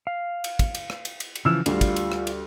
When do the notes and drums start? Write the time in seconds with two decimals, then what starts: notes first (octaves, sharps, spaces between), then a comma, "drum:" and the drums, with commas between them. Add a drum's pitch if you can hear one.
0.07 F5
0.44 drum: cymbal
0.59 drum: kick, cymbal
0.75 drum: cymbal
0.90 drum: rim click
1.05 drum: cymbal
1.20 drum: cymbal
1.35 drum: cymbal
1.45 C#3 E3 F3 E6 F6 E7
1.66 D2 G3 F4, drum: cymbal
1.81 drum: kick, cymbal
1.96 drum: cymbal
2.12 drum: rim click
2.27 drum: cymbal